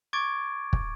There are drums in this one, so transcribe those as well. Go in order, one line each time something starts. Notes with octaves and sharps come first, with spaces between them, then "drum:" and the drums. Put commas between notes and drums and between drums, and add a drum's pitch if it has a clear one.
C#6 D6 G#6 A6 D7
drum: kick